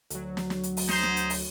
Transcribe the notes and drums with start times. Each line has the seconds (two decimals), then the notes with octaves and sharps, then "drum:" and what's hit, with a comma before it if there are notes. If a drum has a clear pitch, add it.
0.10 D2 F#3, drum: hi-hat
0.37 drum: snare
0.50 drum: snare
0.63 drum: hi-hat
0.77 drum: open hi-hat
0.89 D#4 G#4 C5, drum: snare
1.03 drum: snare
1.17 drum: hi-hat
1.30 drum: open hi-hat